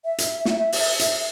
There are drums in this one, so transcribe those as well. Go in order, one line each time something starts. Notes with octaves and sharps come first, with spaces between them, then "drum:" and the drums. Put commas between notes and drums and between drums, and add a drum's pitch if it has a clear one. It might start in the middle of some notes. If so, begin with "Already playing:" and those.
E5
drum: hi-hat
drum: snare
drum: open hi-hat
drum: hi-hat